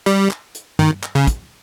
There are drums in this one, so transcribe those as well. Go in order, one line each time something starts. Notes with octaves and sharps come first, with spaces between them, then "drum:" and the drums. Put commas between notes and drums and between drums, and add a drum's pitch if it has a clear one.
G3, drum: hi-hat
drum: clap
drum: hi-hat
D#3, drum: tom G2
drum: clap
C#3
drum: kick, hi-hat